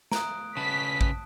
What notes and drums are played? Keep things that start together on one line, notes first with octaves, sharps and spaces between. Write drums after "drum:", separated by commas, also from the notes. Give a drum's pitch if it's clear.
A#5 D#6 F#6 D7, drum: snare
C#3 B4 A5 B6
drum: kick A1